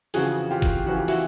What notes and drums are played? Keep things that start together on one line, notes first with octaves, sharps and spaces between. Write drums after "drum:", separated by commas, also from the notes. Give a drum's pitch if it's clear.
F2 C#3 E3 F#4 G#4, drum: open hi-hat
F4 G4
drum: kick, hi-hat
F2 C#3 E3 F#4
G4
E4 F#4, drum: open hi-hat